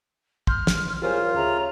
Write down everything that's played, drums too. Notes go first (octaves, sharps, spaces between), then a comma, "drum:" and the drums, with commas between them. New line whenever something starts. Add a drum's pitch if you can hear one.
C6 F6 G6, drum: kick
drum: snare
C2 F3 F4 G4 G#4 A#4 C5 C#5
D2 C#3 E5 A#5